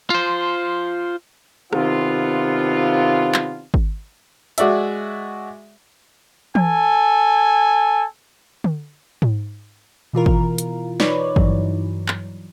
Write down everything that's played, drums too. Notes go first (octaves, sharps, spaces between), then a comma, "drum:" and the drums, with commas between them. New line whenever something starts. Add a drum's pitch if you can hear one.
F4 C5
C3 D#3 B3 D4 F4, drum: rim click
drum: clap
drum: kick G#1
G#3 F#4 D5 E5, drum: hi-hat
A4 G#5, drum: tom E3
drum: tom D3
drum: tom G#2
B2 E3 F4 A#4
drum: kick G#1
drum: hi-hat
D#4 B4 C#5 D5, drum: snare
G2 E3 F#3, drum: kick G#1
drum: clap